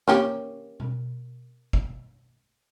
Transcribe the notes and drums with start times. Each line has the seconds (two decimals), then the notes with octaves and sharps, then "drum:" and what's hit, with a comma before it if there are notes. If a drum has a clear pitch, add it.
0.08 A#3 C#4 G4, drum: snare
0.80 drum: tom B2
1.73 drum: kick